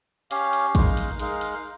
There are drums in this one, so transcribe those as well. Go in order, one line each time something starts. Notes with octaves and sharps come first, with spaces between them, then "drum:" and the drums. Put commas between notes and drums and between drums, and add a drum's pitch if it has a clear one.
C#4 G4 C#5 F5, drum: hi-hat
drum: hi-hat
G#3 D#4 A#4 F5, drum: kick, hi-hat
drum: hi-hat
G#3 D#4 A#4 F5, drum: hi-hat
drum: hi-hat